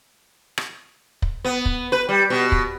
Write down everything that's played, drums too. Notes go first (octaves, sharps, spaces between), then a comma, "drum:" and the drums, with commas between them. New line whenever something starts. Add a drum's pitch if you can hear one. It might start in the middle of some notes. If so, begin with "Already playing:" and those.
drum: rim click
drum: kick
B3
drum: kick
B4
G3
B2
drum: kick